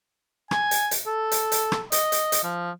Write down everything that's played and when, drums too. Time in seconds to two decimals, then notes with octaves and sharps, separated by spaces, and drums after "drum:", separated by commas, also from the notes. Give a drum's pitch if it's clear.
0.51 G#5, drum: rim click
0.71 drum: hi-hat
0.91 drum: hi-hat
1.06 A4
1.32 drum: hi-hat
1.52 drum: hi-hat
1.72 drum: rim click
1.92 D#5, drum: hi-hat
2.12 drum: hi-hat
2.32 drum: hi-hat
2.43 F3